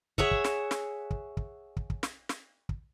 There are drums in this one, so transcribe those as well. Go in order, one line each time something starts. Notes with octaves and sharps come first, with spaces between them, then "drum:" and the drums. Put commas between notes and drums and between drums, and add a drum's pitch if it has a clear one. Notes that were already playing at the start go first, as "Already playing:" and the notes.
G#4 C#5 E5 F#5, drum: kick
drum: kick
drum: snare
drum: snare
drum: kick
drum: kick
drum: kick
drum: kick
drum: snare
drum: snare
drum: kick